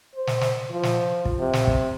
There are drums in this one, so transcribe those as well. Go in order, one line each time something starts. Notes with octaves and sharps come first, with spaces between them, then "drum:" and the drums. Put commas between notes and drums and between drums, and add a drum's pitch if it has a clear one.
C5
drum: snare
drum: snare
F3
drum: snare
drum: kick
C3
drum: snare
drum: kick